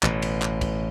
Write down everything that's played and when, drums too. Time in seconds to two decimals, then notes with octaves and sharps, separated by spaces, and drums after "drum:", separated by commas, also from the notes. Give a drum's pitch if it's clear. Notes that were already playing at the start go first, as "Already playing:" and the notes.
0.03 A1 B2, drum: clap
0.22 drum: cymbal
0.42 drum: clap
0.61 drum: kick, cymbal